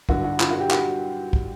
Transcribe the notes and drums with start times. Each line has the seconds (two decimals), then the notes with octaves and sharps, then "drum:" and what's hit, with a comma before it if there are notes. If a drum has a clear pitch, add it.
0.09 G2 D3 G3 F#4, drum: kick
0.24 F#4
0.40 F4, drum: clap
0.51 F#4
0.60 G4
0.71 F#4, drum: clap
1.33 drum: kick